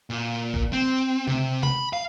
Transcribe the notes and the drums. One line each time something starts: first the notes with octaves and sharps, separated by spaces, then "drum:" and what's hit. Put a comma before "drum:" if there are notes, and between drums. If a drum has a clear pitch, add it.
A#2
drum: kick
C4
C3, drum: tom C#3
B5, drum: tom C3
F5